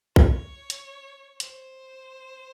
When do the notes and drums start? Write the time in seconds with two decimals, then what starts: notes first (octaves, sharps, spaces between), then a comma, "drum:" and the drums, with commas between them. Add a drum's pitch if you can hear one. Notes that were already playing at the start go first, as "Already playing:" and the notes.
0.16 C#5, drum: kick
0.70 drum: hi-hat
1.40 C5, drum: hi-hat